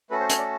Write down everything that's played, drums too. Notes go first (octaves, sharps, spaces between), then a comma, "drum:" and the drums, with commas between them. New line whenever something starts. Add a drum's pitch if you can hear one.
A3 C#4 F#4 A4 B4
C5
C#5, drum: hi-hat
D5